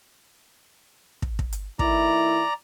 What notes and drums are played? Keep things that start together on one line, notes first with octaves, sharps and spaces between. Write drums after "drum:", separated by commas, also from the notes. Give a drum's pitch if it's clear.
drum: kick
drum: kick
drum: hi-hat
D#3 A3 E4 D5 A#5, drum: kick